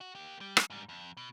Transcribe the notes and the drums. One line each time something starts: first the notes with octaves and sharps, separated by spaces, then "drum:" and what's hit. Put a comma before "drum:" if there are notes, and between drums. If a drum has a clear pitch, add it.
F#4
A#3 G4
G3
drum: rim click
G#2 G3
F2
B2